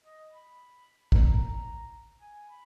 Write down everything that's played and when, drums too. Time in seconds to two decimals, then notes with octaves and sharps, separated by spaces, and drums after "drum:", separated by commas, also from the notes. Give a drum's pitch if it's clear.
0.04 D#5
0.31 B5
1.12 A#5, drum: kick
2.21 G#5
2.48 B5